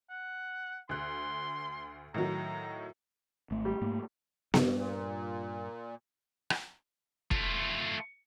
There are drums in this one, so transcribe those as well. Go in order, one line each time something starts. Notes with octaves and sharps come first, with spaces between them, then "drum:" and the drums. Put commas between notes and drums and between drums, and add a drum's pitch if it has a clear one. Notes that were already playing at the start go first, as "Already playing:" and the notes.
F#5
D2 C6 F#6
A2 D#3 F#3 A#5
G#1 A3
G3
G#2 A3 A#3
G2, drum: snare B3
A#2
drum: rim click
A3 F4, drum: kick